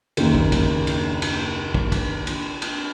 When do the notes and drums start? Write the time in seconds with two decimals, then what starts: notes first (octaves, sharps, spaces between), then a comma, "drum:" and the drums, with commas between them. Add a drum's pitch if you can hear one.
0.17 F#1 D#2, drum: cymbal
0.35 drum: kick
0.52 drum: kick, cymbal
0.87 drum: cymbal
1.22 drum: cymbal
1.74 drum: kick
1.92 drum: kick, cymbal
2.27 drum: cymbal
2.62 drum: cymbal